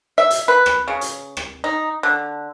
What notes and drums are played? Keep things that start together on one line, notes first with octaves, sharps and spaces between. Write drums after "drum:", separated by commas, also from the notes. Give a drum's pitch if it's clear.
E5
drum: hi-hat
B4
drum: rim click
C#3
drum: hi-hat
drum: rim click
D#4
D3